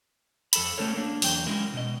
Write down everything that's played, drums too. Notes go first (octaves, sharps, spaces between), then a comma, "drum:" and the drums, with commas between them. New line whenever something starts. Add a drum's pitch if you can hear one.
F2 A4 A5 B5, drum: hi-hat
A3 C#4 A4 A#4 C#5
A#3 D4
E2 F#3 G5, drum: open hi-hat
G#3 C#4 E4 F#4 A#4
B2 D#5